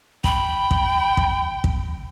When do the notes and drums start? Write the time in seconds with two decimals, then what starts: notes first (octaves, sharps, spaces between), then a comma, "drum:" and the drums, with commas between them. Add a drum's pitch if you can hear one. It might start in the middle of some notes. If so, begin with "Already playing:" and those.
0.24 G5 B5, drum: kick
0.71 drum: kick
1.17 drum: kick
1.64 drum: kick